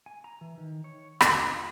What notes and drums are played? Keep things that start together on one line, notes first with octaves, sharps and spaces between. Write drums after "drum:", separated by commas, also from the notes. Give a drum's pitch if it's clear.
G#5
A#5
E3
D#3
C#5
D3, drum: rim click
F4